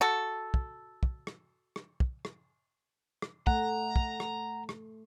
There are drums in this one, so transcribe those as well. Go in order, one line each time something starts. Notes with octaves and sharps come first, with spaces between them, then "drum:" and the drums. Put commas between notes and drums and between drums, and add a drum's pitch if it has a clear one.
F#4 A4
drum: kick
drum: kick
drum: rim click
drum: rim click
drum: kick
drum: rim click
drum: rim click
A3 F#5 A#5, drum: kick
drum: kick
drum: rim click
drum: rim click